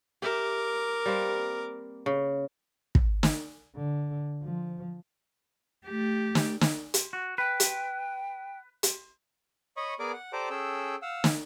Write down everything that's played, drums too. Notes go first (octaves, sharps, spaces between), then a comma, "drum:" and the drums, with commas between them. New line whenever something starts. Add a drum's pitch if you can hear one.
G4 A#4 E5 D6
G3 A#3 C4
C#3
drum: kick
drum: snare
D3
F3
A3 G4
drum: snare
drum: snare
drum: hi-hat
F#4
B4 G5
drum: hi-hat
drum: hi-hat
C#5 D#5 B5 C#6 D#6
B3 G#4 A#4 D5 G#5 D6
F#5
G4 A4 C5 D5 A#5 D6
C#4 G#4 A4 G5 E6
F5 F#5 E6
drum: snare